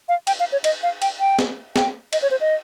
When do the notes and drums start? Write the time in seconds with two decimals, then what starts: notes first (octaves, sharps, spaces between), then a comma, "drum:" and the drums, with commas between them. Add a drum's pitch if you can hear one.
0.09 F5
0.27 G5, drum: cymbal
0.40 F5
0.52 C#5
0.64 D#5, drum: cymbal
0.83 F5
1.02 G5, drum: cymbal
1.20 G5
1.39 drum: snare
1.76 G5, drum: snare
2.13 D#5, drum: cymbal
2.22 C#5
2.31 C5
2.41 D#5